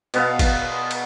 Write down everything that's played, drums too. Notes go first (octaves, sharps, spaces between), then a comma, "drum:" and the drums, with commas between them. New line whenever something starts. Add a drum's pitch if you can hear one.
B2 B3 F5, drum: cymbal
drum: kick, cymbal
drum: cymbal